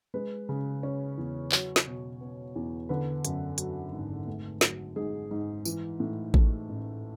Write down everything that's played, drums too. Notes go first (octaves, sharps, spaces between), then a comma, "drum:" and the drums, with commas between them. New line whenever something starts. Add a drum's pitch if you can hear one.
G#3 B4
C#3
C#4
E2
F#3 C#5, drum: clap
drum: snare
B2
B3
E2
D3 B4
F#2, drum: hi-hat
F#3, drum: hi-hat
G#1
A3
F#3, drum: snare
G#2 G#4
G#2
E3, drum: tambourine
A2
A3 A4, drum: kick A1
A1